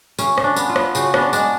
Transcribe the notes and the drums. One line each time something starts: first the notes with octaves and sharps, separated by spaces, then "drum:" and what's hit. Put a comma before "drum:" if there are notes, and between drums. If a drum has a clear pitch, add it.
C#3 C#4, drum: tambourine
C#3, drum: rim click
D4
B3, drum: tambourine
F4
B3, drum: rim click
C#3 F#4, drum: tambourine
B3 D4, drum: rim click
G#3 D4, drum: tambourine